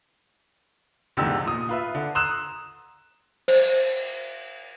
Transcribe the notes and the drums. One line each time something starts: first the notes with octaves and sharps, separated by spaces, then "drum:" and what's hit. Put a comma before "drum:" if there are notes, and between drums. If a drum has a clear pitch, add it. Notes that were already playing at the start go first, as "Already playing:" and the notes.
F1 E2 G#2 D3 G4 E6
A#2 D#6
F4 B4 E5
D3
A#5 C6 D#6 E6 F#6 E7
C5, drum: cymbal